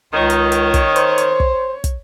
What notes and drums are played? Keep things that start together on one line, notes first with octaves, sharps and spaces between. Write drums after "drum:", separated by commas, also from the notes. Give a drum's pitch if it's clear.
C#2 D#3 C#5
drum: hi-hat
drum: hi-hat
drum: kick, hi-hat
C5, drum: hi-hat
drum: hi-hat
drum: kick
drum: kick, hi-hat